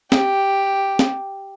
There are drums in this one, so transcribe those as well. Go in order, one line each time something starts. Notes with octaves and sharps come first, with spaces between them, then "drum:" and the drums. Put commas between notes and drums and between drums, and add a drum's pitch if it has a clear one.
G4, drum: snare
drum: snare